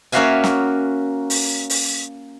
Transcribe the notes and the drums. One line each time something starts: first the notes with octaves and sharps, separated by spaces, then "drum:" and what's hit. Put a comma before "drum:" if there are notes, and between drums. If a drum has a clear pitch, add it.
A#3 C#4 F#4 E5 F5 G#5
drum: snare
drum: open hi-hat
drum: open hi-hat